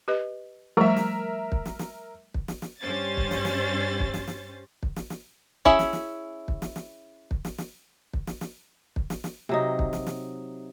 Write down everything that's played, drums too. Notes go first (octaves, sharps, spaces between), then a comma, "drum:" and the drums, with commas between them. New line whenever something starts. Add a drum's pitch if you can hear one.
G4 B4 D#5
F3 G3 A3 A#4 E5
drum: snare
drum: kick
drum: snare
drum: snare
drum: kick
drum: snare
drum: snare
G2 C#4 G4 C5 A6
drum: kick
drum: snare
drum: snare
drum: kick
drum: snare
drum: snare
drum: kick
drum: snare
drum: snare
C#4 E4 G#4 E5, drum: kick
drum: snare
drum: snare
drum: kick
drum: snare
drum: snare
drum: kick
drum: snare
drum: snare
drum: kick
drum: snare
drum: snare
drum: kick
drum: snare
drum: snare
C3 F#3 D#4
drum: kick
drum: snare
drum: snare